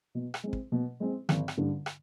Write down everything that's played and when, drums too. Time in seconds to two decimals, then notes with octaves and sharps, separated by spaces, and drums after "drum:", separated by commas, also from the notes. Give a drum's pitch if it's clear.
0.15 B2
0.34 drum: rim click
0.43 G#3 C4
0.53 drum: kick
0.72 B2
1.00 G#3 C4
1.29 G#1, drum: rim click
1.48 drum: rim click
1.57 G2 D3
1.86 drum: rim click